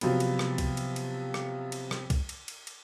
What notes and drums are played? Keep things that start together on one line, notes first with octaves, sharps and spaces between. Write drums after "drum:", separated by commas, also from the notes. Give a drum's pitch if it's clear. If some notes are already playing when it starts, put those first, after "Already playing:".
C3 F3 F#3 B3, drum: cymbal
drum: cymbal
drum: rim click
drum: kick, cymbal
drum: cymbal
drum: cymbal
drum: rim click
drum: cymbal
drum: rim click
drum: kick, cymbal
drum: cymbal
drum: cymbal
drum: cymbal